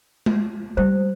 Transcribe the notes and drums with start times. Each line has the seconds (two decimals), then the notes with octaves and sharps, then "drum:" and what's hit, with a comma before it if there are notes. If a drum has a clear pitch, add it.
0.26 drum: tom G#3
0.77 G3 C5